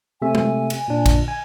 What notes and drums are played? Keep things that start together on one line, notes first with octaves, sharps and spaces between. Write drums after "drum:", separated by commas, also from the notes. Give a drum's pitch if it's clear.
C3 A3 E5 G#5
drum: tom G#3
drum: cymbal
A#2 D4
drum: kick A#1, cymbal
G#5